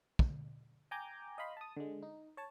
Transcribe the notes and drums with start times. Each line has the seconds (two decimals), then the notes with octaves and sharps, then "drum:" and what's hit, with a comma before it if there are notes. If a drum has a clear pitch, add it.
0.19 drum: kick
0.91 G5 G#5 A#5 D6 G6
1.38 D#5 F5 B5 C6
1.57 A5 D#6
1.77 D3 G#3
2.03 D#4
2.37 C#5 A5